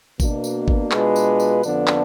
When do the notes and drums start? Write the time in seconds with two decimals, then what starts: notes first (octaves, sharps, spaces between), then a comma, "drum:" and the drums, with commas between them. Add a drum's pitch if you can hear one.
0.20 B2 A#3 D4, drum: kick G#1, tambourine
0.44 drum: tambourine
0.68 drum: kick G#1
0.92 B2 G#3 D4 F4 B4, drum: clap
1.16 drum: tambourine
1.40 drum: tambourine
1.63 F2 D3 F3 B3 D4, drum: tambourine
1.88 drum: clap